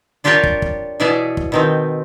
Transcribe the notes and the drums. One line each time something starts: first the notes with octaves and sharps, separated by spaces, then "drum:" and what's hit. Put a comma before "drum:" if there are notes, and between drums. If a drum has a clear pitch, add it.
D4 F4 G4 A#4 C#5 D5
drum: kick
drum: kick
B2 E3 E4 G#4 C#5 D5
drum: kick
B2 D#3 C4